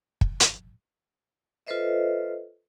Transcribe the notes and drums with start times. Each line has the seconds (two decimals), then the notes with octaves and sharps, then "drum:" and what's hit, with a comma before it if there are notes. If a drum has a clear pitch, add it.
0.21 drum: kick
0.40 drum: hi-hat
1.67 F4 A4 B4 C5 D#5 E5